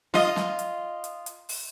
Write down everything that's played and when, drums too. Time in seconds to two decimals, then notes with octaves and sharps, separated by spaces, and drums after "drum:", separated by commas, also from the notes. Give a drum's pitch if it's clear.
0.14 F4 D#5, drum: snare
0.36 drum: snare
0.59 drum: hi-hat
1.04 drum: hi-hat
1.26 drum: hi-hat
1.49 drum: open hi-hat